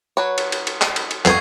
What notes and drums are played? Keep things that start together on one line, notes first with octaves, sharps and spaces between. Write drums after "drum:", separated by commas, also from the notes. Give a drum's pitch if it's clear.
F#3 B4 C#5
drum: cymbal
drum: cymbal
drum: cymbal
drum: clap
drum: cymbal
drum: cymbal
F2 B3 G#5 C#6 G#6 C7, drum: clap